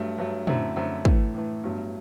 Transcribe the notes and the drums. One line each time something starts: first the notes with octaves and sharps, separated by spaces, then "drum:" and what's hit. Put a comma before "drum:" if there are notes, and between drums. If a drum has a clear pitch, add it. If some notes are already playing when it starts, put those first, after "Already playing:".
Already playing: G2 F#3 A3
G2 F#3 A3
F#2 D3 A3 C4 E4, drum: tom
F#2 D3 A3 C4 E4
A2 E3 A3, drum: kick
A2 E3 A3
G1 G2 F#3 A3